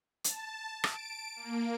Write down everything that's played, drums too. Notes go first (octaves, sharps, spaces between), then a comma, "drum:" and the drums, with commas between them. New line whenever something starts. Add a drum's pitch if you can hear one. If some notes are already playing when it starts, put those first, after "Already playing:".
A5, drum: hi-hat
D7, drum: rim click
A#3